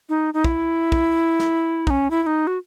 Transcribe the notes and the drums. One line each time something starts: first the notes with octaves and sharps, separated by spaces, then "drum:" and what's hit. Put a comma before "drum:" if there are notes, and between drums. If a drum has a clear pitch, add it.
D#4
D#4
E4, drum: kick
drum: kick
drum: snare
D#4, drum: kick
C#4
E4
E4
D#4
F#4